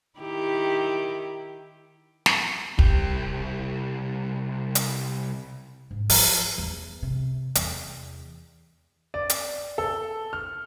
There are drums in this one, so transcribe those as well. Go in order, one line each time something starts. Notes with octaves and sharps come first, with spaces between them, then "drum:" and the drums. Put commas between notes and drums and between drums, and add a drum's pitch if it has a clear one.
D#3 E4 G4
drum: snare
C2 G4, drum: kick
drum: hi-hat
G#2
F3, drum: open hi-hat
E2
C3
E2, drum: hi-hat
D5
drum: hi-hat
A4
F6